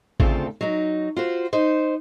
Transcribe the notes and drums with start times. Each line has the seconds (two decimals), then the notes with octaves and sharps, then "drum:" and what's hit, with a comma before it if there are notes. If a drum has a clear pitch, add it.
0.20 D2 C#3 A3 C4 F4 A4, drum: kick A1
0.61 F#3 D#4
1.17 F4 F#4 C5
1.53 D#4 C5